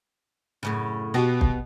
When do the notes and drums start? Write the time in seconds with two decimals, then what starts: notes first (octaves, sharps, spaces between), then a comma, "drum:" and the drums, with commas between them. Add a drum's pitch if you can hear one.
0.63 F#2 A2 C#3
1.14 B2 B3 F#4 G4
1.41 drum: kick